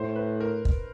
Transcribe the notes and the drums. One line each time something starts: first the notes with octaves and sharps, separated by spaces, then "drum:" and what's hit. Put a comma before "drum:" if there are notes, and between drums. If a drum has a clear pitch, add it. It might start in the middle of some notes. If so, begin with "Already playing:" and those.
Already playing: A2 C5
B4
A#4
drum: kick